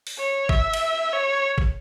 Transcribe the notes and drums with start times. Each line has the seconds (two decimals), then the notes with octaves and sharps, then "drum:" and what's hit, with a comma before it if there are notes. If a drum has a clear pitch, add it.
0.07 drum: open hi-hat
0.19 C#5
0.49 E5, drum: kick
0.73 drum: cymbal
1.12 C#5
1.58 drum: kick